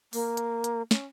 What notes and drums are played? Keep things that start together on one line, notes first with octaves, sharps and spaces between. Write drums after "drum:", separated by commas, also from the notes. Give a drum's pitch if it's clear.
A#3, drum: open hi-hat
drum: hi-hat
drum: hi-hat
C#4, drum: snare